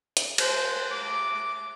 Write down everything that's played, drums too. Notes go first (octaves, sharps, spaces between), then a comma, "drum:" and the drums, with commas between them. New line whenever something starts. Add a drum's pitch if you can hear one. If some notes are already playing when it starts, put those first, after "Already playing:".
drum: hi-hat
C5, drum: cymbal
D6